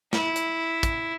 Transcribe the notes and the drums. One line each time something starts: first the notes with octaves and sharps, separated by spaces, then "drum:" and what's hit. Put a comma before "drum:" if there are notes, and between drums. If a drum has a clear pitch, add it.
E4, drum: snare
drum: hi-hat
drum: kick, hi-hat